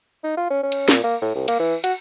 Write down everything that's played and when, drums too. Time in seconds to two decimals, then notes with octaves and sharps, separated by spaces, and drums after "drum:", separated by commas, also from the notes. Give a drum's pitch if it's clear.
0.24 D#4
0.37 F4
0.50 C#4
0.63 C#4
0.72 drum: cymbal
0.89 A#2, drum: snare
1.04 A#3
1.22 A2
1.35 C2
1.48 A#3, drum: cymbal
1.60 E3
1.84 F#4, drum: cymbal